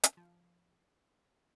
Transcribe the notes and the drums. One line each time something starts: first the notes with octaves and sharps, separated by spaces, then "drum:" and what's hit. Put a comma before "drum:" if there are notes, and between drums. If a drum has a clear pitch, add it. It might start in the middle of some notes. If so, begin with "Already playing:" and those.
drum: hi-hat
F3